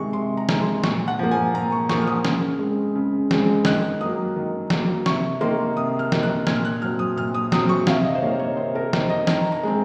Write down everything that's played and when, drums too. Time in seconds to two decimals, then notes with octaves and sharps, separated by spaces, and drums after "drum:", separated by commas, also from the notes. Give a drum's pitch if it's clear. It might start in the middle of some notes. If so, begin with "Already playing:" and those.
Already playing: C3 D#3 G#3 C#6
0.13 C3 C6
0.37 A#5
0.49 D#3 G#3, drum: snare
0.61 C6
0.84 A#2 C#6, drum: snare
1.08 F#5
1.19 F3 A#3
1.31 G#5
1.54 A#2 A#5
1.72 C#6
1.89 F3 A#3 C#6, drum: snare
2.01 F6
2.07 D#6
2.25 C#3, drum: snare
2.59 G#3 C4
2.96 C#3
3.31 G#3 C4, drum: snare
3.65 D#3 F#6, drum: snare
4.01 F#3 A#3 D#6
4.36 D#3
4.70 F#3 A#3, drum: snare
5.06 C3 C#6, drum: snare
5.41 D#3 A#3 C6
5.76 C3 D#6
5.99 F6
6.12 D#3 A#3, drum: snare
6.23 F#6
6.47 A#2 G#6, drum: snare
6.56 F6
6.65 F#6
6.82 F#3 C4 F6
6.99 D#6
7.17 A#2 F6
7.34 D#6
7.52 F#3 C4 D#6, drum: snare
7.69 C#6
7.87 C3 F5, drum: snare
8.05 D#5
8.15 C5
8.22 D#3 A#3 C#5
8.39 C#5
8.57 C3 C5
8.75 A#4
8.93 D#3 A#3 C5, drum: snare
9.10 D#5
9.27 D#3 A#5, drum: snare
9.52 A#5
9.63 G#3 C4